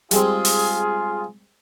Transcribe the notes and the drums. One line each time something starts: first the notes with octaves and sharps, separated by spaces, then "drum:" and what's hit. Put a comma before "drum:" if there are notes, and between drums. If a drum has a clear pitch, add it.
G3 G#3 C4 F4 G#4, drum: hi-hat
drum: open hi-hat